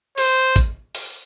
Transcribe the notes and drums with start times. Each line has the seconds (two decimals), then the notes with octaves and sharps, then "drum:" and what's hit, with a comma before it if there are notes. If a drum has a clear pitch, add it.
0.18 C5, drum: open hi-hat
0.56 drum: kick, hi-hat
0.95 drum: open hi-hat